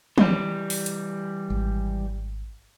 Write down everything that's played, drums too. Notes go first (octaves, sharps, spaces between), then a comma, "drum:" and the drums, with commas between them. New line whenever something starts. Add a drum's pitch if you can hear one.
E3 G3, drum: tom
drum: open hi-hat
drum: hi-hat
G#1